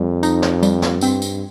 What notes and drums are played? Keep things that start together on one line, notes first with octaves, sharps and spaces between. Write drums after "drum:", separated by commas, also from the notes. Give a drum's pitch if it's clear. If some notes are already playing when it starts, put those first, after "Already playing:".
Already playing: F2 G3
D#4, drum: tambourine
drum: snare
G3, drum: tambourine
drum: snare
G2 C4, drum: tambourine
drum: tambourine